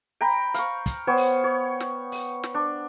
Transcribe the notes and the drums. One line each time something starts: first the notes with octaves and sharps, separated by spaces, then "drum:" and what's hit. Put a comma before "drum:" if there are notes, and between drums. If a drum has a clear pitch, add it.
G5 A#5 B5
F5 C#6, drum: hi-hat
drum: kick, hi-hat
B3 C5 C#5 G5
drum: open hi-hat
C#5
drum: snare
drum: open hi-hat
drum: snare
D4